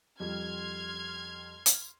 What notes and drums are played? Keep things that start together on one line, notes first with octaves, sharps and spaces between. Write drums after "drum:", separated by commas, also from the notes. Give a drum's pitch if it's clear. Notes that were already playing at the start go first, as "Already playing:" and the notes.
F2 G3 C6 F6 G#6
drum: hi-hat